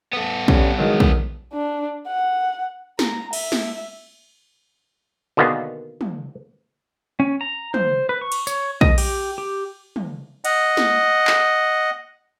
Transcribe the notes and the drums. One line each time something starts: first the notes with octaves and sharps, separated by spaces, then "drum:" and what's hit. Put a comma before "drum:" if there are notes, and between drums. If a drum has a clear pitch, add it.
B3 A4
G2 D3 G3 C#4, drum: kick
B2 D#3 E3 F#3 G#3
drum: kick
D4
F#5
A#5, drum: snare
E5, drum: cymbal
drum: snare
B2 D3 D#3 A#3 B3 G#4
drum: tom
C#4
A#5
C5, drum: tom
B4
C#6
drum: cymbal
C#5, drum: tambourine
D#5, drum: kick
G4, drum: cymbal
G4
drum: tom
D#5 F#5, drum: cymbal
drum: snare
drum: clap